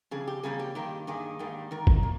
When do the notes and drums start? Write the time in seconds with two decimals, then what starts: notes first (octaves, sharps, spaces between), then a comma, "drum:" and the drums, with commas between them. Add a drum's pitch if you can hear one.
0.11 F2 C#3 G3 G#4
0.27 G4
0.43 F2 C#3 G3 A#3 G#4
0.59 G4
0.75 G2 D#3 A#3 G4
1.07 G2 D#3 A#3 G#4
1.39 G#2 D#3 G3 A#3
1.71 G#2 D#3 A#4
1.87 drum: kick G1
2.03 A#3